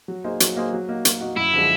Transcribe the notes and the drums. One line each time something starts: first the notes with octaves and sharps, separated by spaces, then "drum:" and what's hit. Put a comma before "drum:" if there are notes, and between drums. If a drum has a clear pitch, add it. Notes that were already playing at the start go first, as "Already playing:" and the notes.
F#3
A#3 D#4 G#4 C5
F#3, drum: hi-hat
A#3 D#4 G#4 C5
F#3
A#3 D#4 F#4
F#3, drum: hi-hat
A#3 D#4 F#4
F#2 E4
D3 F3 G#3